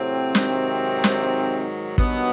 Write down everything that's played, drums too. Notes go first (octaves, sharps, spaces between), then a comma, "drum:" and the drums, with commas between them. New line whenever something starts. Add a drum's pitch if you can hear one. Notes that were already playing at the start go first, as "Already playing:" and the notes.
Already playing: A2 C3 F#3 C4
G#2 D#3 F#3, drum: snare
drum: snare
G2 B2 D#3 F#3 B3, drum: kick